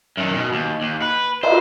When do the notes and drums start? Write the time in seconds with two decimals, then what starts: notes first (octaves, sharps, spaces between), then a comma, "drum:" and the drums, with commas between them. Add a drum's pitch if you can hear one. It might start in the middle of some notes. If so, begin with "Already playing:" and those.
0.17 F#2 D#3
0.36 B2
0.53 D#2
0.82 D#2
1.02 B4
1.43 C5, drum: cymbal